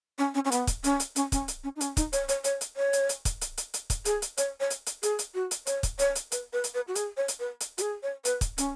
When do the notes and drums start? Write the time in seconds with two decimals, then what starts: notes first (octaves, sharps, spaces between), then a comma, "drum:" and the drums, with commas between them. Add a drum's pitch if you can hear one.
0.18 C#4
0.35 C#4
0.45 C#4
0.52 B3, drum: hi-hat
0.67 drum: kick, hi-hat
0.84 C#4, drum: hi-hat
1.00 drum: hi-hat
1.16 C#4, drum: hi-hat
1.32 C#4, drum: kick, hi-hat
1.48 drum: hi-hat
1.64 C#4
1.76 D#4
1.81 C#4, drum: hi-hat
1.97 D#4, drum: kick, hi-hat
2.13 C#5, drum: hi-hat
2.29 C#5, drum: hi-hat
2.44 C#5, drum: hi-hat
2.61 drum: hi-hat
2.77 C#5
2.93 drum: hi-hat
3.09 drum: hi-hat
3.25 drum: kick, hi-hat
3.41 drum: hi-hat
3.57 drum: hi-hat
3.74 drum: hi-hat
3.90 drum: kick, hi-hat
4.05 G#4, drum: hi-hat
4.22 drum: hi-hat
4.37 C#5, drum: hi-hat
4.60 C#5
4.70 drum: hi-hat
4.86 drum: hi-hat
5.03 G#4, drum: hi-hat
5.19 drum: hi-hat
5.35 F#4
5.51 drum: hi-hat
5.67 C#5, drum: hi-hat
5.83 drum: kick, hi-hat
5.99 C#5, drum: hi-hat
6.15 drum: hi-hat
6.32 B4, drum: hi-hat
6.53 B4
6.64 drum: hi-hat
6.75 B4
6.88 F#4
6.95 G#4, drum: hi-hat
7.17 C#5
7.28 drum: hi-hat
7.40 B4
7.60 drum: hi-hat
7.78 F#4, drum: hi-hat
7.81 G#4
8.03 C#5
8.25 B4, drum: hi-hat
8.41 drum: kick, hi-hat
8.58 C#4, drum: hi-hat